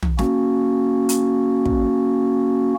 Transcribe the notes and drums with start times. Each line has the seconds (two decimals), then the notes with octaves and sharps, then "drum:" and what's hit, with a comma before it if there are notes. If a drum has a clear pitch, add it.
0.02 drum: tom
0.19 A#3 C#4 F#4, drum: snare
1.09 drum: hi-hat
1.65 drum: kick